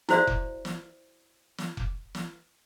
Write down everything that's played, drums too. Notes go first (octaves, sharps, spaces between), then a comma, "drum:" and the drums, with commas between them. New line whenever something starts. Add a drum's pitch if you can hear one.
E4 F#4 C5 D5 E5, drum: snare
drum: kick F1
drum: snare
drum: snare
drum: kick F1
drum: snare